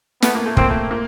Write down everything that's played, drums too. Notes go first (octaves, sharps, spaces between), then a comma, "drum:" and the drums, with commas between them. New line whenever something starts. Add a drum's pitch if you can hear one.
A3 B3, drum: snare
A#3
A3
A#3 C4, drum: kick
A3
A#3